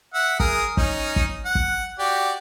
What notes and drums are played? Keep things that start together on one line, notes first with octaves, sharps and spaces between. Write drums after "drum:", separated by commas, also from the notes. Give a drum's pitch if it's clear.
E5 F#5
G#4 A#4 D#6, drum: kick
C#4 D#4, drum: kick
drum: kick
F#5
drum: kick
F#4 G4 D5